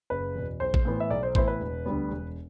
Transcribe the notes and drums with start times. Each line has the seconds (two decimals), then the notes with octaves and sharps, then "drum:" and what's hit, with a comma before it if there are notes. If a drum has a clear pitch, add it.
0.10 F#1 B4
0.35 E2 B2
0.60 B1 C5
0.74 drum: kick A1
0.85 A2 E3 B3 E4
1.00 E5
1.10 B1 D5
1.23 C5
1.35 A2 E3 B3 E4 C5, drum: kick A1
1.48 B4
1.60 E1
1.86 D2 D3 G3 B3
2.10 E1